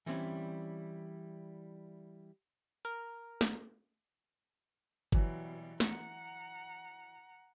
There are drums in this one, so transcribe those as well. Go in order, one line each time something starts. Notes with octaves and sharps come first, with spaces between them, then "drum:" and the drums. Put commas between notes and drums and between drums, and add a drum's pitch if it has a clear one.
E3 G3 C4 C#4 E4
A#4, drum: hi-hat
drum: snare
B2 E3 F#3 G3, drum: kick G1
F#5 A#5, drum: snare